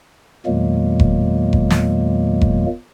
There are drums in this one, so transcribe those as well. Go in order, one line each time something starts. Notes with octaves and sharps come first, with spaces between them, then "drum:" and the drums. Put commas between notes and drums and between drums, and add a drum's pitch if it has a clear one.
E2 A#2 D#3 F#3 G#3 A#3
drum: kick F1
drum: kick F1
drum: snare
drum: kick F1